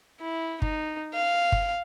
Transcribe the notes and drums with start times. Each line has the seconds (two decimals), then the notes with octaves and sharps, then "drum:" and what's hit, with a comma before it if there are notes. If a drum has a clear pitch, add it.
0.20 E4
0.62 D#4, drum: kick
1.14 F5
1.52 drum: kick